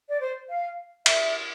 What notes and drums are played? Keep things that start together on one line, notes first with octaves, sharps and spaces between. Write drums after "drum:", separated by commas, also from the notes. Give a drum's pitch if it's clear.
D5
C5
F5
E5, drum: cymbal